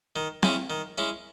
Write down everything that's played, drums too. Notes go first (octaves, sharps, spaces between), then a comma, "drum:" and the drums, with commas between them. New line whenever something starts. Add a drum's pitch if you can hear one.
D#3
G#3 C#4 E4, drum: snare C4
D#3
G#3 C#4 E4